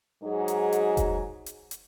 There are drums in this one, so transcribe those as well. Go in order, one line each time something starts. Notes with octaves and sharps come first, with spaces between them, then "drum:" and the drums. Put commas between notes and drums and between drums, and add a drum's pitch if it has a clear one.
G#2 F#3 D#4 F#4 G#4
drum: hi-hat
drum: hi-hat
drum: kick F1, hi-hat
drum: hi-hat
drum: hi-hat